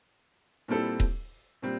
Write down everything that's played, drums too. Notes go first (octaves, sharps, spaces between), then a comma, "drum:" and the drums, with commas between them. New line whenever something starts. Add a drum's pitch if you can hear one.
A#2 G3 C4 E4 A4
drum: kick D#1
A#2 G3 C4